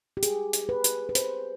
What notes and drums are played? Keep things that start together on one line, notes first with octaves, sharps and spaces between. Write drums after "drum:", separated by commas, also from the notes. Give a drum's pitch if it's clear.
G4
G#4, drum: hi-hat
drum: hi-hat
B4
drum: hi-hat
B4
C5, drum: hi-hat